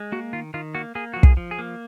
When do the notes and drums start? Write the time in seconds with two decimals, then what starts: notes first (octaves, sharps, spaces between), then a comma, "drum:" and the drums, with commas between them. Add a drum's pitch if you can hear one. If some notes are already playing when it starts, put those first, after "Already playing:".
Already playing: G#3
0.12 A#3 F#4
0.33 D#3 F4
0.54 D#3 F4
0.75 A#3 F#4
0.95 A#3 G#4
1.14 F3 F#4
1.23 G#4, drum: kick
1.37 F3
1.51 G#4
1.59 A#3